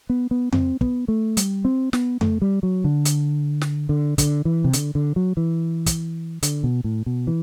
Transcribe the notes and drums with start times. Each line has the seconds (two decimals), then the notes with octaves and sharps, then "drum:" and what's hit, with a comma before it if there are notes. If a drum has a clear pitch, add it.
0.10 B3
0.31 B3
0.52 C4, drum: tom F2
0.81 B3, drum: kick
1.08 A3
1.37 G3, drum: hi-hat
1.65 C4
1.93 B3, drum: snare
2.21 A3, drum: tom F2
2.42 G3
2.63 F#3
2.84 D3
3.05 drum: hi-hat
3.61 drum: snare
3.89 D3
4.18 D3, drum: kick, hi-hat
4.45 E3
4.64 C3
4.73 D3, drum: hi-hat
4.95 D3
5.16 F#3
5.37 E3
5.86 drum: kick, hi-hat
6.43 D3, drum: hi-hat
6.64 B2
6.84 A2
7.06 B2
7.27 E3